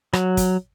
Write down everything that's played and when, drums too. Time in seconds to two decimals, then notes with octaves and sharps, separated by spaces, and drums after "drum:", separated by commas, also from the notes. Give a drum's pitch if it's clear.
0.13 F#3, drum: rim click
0.37 drum: kick, hi-hat